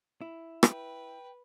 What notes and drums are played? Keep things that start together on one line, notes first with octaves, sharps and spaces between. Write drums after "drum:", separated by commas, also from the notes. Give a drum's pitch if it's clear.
E4
B4 G5, drum: rim click